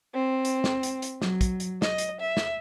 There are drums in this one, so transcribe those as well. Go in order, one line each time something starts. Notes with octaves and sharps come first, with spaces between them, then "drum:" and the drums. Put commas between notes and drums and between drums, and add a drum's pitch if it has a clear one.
C4
drum: hi-hat
drum: snare
drum: hi-hat
drum: hi-hat
F#3, drum: snare
drum: kick, hi-hat
drum: hi-hat
D#5, drum: snare
drum: hi-hat
E5
drum: snare